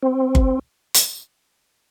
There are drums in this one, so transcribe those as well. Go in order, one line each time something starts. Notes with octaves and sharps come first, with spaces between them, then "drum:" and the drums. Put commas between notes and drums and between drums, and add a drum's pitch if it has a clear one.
C4
drum: kick G1
drum: hi-hat